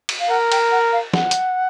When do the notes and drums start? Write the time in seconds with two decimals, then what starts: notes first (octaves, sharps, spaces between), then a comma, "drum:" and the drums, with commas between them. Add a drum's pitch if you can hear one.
0.09 drum: cymbal
0.20 F5
0.29 A#4 F#5
0.52 G5, drum: cymbal
0.72 F#5
0.92 F5
1.14 F#5, drum: snare
1.31 drum: hi-hat